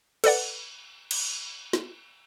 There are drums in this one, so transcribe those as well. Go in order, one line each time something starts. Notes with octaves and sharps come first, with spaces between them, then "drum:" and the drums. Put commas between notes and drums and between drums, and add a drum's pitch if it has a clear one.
A4 B4 D5 F#5, drum: cymbal
drum: cymbal
drum: snare